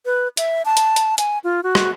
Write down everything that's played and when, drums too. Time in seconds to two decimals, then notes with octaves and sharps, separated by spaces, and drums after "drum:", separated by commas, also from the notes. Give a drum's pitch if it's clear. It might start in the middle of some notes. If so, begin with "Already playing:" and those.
0.06 B4
0.37 E5, drum: hi-hat
0.65 A5
0.77 drum: hi-hat
0.96 drum: hi-hat
1.18 G#5, drum: hi-hat
1.44 F4
1.63 F#4
1.75 drum: rim click